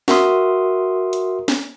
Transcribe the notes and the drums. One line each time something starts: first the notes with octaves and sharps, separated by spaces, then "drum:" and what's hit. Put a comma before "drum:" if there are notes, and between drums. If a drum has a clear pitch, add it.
F#4 A#4 E5 C6 D#6, drum: snare
drum: hi-hat
drum: snare